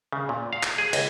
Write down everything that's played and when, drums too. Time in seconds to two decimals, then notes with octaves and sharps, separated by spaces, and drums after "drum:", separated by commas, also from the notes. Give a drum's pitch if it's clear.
0.12 C#3
0.29 A#2
0.53 F5
0.63 drum: clap
0.78 G#4
0.93 C#2, drum: cymbal